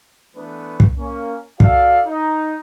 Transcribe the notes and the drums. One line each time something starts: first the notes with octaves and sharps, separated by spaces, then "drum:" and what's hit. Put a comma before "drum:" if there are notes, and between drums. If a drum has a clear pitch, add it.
E3 A3 B3 D4 B4
drum: kick
A#3 C#4
F#4 A4 D5 E5 F5, drum: kick
D#4